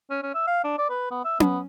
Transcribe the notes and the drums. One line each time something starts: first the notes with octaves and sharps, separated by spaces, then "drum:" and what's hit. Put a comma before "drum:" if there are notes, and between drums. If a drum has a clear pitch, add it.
C#4
C#4
E5
F5
D4
D5
B4
B3
E5
B3, drum: tom C#4